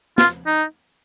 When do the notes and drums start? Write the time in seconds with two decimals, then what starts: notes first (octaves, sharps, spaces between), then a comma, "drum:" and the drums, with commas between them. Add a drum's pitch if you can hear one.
0.18 F4, drum: snare
0.46 D#4